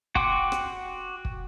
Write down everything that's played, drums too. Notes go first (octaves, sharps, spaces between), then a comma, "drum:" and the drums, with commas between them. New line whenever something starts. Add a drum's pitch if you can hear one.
F#4 F#5 G5 C6 D6, drum: kick
drum: rim click
drum: kick